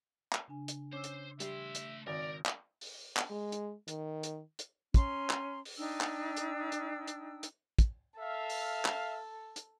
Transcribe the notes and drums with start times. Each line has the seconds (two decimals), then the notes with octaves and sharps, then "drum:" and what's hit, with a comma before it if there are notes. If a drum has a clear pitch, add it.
0.33 drum: clap
0.48 C#3 D4 G#5
0.68 drum: hi-hat
0.93 C#4 C5 D6 E6
1.04 drum: hi-hat
1.40 G3 A3 E5 C6, drum: hi-hat
1.75 drum: hi-hat
2.07 G#1 A#4 D5
2.46 drum: clap
2.81 drum: open hi-hat
3.17 drum: clap
3.30 G#3
3.52 drum: hi-hat
3.88 D#3, drum: hi-hat
4.23 drum: hi-hat
4.59 drum: hi-hat
4.94 C#4 A#5 C6, drum: kick, hi-hat
5.30 drum: clap
5.65 drum: open hi-hat
5.77 D4 D#4 G5 E6
6.01 drum: clap
6.36 drum: hi-hat
6.72 drum: hi-hat
7.07 drum: hi-hat
7.43 drum: hi-hat
7.79 drum: kick, hi-hat
8.19 A4 E5 F5
8.50 drum: open hi-hat
8.85 drum: clap
9.56 drum: hi-hat